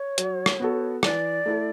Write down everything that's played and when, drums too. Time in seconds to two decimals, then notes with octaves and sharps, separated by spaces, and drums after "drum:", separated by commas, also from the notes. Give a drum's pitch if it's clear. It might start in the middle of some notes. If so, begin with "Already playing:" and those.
Already playing: C#5
0.18 F#3, drum: hi-hat
0.46 drum: rim click
0.60 B3 F#4 A4
1.03 E3 D5, drum: rim click
1.46 A3 E4 A4